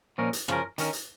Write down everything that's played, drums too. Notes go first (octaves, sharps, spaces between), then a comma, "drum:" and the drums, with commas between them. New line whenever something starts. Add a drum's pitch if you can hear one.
A#2 F3 C#4 A#4
drum: hi-hat
C#3 F3 C#4 A#4, drum: rim click
D#3 C#4 A#4, drum: hi-hat
drum: hi-hat